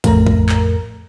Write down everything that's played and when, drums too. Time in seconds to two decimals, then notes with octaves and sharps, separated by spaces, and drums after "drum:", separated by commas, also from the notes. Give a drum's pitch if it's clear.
0.04 F2 A2 A3 A#4 A#5, drum: kick, hi-hat
0.27 drum: kick
0.49 drum: clap